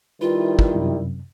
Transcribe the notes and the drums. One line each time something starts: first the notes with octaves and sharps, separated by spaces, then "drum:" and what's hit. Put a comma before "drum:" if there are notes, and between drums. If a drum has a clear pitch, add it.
D#3 G3 E4 F4 B4
drum: kick
F#2 C3